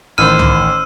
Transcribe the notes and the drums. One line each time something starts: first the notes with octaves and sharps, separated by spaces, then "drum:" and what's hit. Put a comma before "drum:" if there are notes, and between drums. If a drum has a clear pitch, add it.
A1 D#3 C5 E6 F6 D#7
drum: tom C2